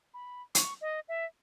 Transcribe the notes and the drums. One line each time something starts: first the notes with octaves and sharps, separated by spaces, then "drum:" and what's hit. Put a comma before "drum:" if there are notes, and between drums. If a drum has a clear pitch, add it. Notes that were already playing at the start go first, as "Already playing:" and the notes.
B5
C#6, drum: hi-hat
D#5
E5